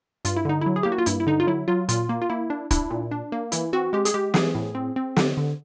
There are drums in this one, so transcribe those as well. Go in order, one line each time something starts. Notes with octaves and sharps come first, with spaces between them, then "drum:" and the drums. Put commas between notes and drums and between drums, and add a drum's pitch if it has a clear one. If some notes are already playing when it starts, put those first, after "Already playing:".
G2 F4, drum: hi-hat
E4
D3 D#4
F#3 E4
G#4
A#3 G4
F#4
F4
G2 E4, drum: hi-hat
E4
D3 D#4
F4
F#3 E4
F#3 F4
A#2 F4, drum: hi-hat
A#3
F4
A#3 E4
D4
D4 E4, drum: kick, hi-hat
A#2
D4
A#3
E3 E4, drum: hi-hat
C4 F#4
G#3 G4
G#4, drum: hi-hat
G#3 G4
E3 G#4, drum: snare
A2
C4
C4
D3, drum: snare
D3